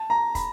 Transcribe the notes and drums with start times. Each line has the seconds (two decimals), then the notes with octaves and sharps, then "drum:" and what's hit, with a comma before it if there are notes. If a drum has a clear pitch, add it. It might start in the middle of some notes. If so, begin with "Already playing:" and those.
Already playing: A5
0.10 A#5
0.35 B5, drum: kick, hi-hat